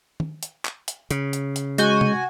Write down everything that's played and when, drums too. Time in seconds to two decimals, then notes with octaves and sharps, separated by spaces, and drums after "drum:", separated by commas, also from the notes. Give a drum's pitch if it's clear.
0.20 drum: tom
0.43 drum: hi-hat
0.65 drum: clap
0.88 drum: hi-hat
1.11 C#3, drum: hi-hat
1.33 drum: hi-hat
1.56 drum: hi-hat
1.78 G#3 F#4 G#5 G6, drum: hi-hat
2.01 drum: tom C3